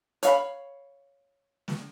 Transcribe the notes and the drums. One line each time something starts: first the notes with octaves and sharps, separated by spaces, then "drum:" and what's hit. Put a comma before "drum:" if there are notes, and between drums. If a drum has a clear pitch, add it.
C#5 F5 B5, drum: hi-hat
drum: snare